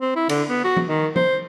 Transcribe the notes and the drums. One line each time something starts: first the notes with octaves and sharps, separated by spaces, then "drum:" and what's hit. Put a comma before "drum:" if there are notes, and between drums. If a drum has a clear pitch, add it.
C4
E4
D3, drum: cymbal
B3
F#4
drum: tom
D#3
C5, drum: tom